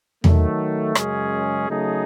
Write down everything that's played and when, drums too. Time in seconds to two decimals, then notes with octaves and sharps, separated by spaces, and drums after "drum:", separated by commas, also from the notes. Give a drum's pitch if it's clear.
0.24 D#3 F#3 A3, drum: tom E2
0.95 F#2 C#3 G#3 C#4 G#4, drum: rim click
1.68 C#3 F#3 A3 D#4 G#4